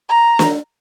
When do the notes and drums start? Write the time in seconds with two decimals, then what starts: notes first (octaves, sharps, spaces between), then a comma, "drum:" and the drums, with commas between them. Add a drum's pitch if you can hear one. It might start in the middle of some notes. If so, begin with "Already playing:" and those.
0.09 A#5
0.39 drum: snare